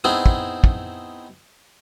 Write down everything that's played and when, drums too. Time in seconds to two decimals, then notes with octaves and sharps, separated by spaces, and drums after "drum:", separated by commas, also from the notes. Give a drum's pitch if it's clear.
0.04 B3 C4 D#4 E4 G#4
0.26 drum: kick
0.64 drum: kick